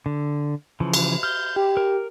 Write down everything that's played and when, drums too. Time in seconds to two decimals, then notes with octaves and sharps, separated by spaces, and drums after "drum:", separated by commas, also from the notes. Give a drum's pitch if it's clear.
0.06 D3
0.80 C#3 E3 F3
0.94 drum: cymbal
1.23 F6 G6
1.56 G4
1.77 A#4